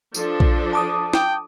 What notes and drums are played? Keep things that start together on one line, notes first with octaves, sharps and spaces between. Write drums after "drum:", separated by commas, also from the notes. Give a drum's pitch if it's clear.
F3 D4 A4, drum: tambourine
drum: kick A#1
A5 D6 D#6
G5, drum: snare